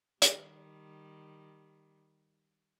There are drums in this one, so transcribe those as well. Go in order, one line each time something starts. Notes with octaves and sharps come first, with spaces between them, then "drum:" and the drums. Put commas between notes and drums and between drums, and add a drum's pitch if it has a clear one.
D#3 G3, drum: hi-hat